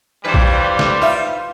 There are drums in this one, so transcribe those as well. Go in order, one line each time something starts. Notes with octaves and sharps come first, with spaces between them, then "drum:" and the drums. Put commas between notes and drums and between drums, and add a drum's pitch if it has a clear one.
G2 E3 F3 G3 B4 C5
drum: kick A#1
drum: snare
D#4 F4 E5